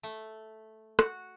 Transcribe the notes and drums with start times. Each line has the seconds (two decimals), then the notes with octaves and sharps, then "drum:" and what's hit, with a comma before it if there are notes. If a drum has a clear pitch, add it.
0.03 A3
0.99 F#4, drum: rim click